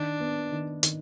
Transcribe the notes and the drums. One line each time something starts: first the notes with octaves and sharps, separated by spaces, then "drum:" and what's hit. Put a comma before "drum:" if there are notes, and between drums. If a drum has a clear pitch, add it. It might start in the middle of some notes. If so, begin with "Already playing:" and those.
Already playing: D#3 D4
B3
D#3
D#3, drum: hi-hat